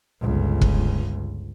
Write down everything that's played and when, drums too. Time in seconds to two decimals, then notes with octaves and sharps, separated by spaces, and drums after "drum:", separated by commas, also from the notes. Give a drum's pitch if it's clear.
0.21 G1 C#2
0.61 drum: kick F1